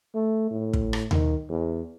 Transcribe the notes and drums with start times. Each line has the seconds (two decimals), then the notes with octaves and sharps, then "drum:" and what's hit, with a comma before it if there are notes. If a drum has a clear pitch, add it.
0.15 A3
0.51 A2
0.73 drum: kick
0.93 drum: rim click
1.11 D#3, drum: tom D#2
1.49 E2